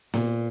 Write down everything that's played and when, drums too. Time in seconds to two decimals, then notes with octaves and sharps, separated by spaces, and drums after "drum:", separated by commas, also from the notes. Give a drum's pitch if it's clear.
0.14 A#2, drum: snare B3